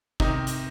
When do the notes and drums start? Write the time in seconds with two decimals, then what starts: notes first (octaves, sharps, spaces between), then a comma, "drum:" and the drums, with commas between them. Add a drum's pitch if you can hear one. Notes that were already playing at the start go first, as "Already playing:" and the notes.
0.20 C3 D#3 D#4, drum: kick
0.47 drum: hi-hat